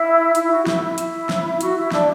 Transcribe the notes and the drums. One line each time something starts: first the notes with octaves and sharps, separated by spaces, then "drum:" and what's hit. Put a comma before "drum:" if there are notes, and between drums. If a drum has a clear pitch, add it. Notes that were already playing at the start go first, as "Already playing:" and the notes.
Already playing: E4
E4, drum: hi-hat
F#4
E4, drum: snare
E4
drum: hi-hat
drum: snare
F#4, drum: hi-hat
E4
D4, drum: snare